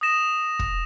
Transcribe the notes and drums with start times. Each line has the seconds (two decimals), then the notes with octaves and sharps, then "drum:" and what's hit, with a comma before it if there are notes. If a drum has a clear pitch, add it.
0.01 D#6 A#6 E7
0.59 drum: kick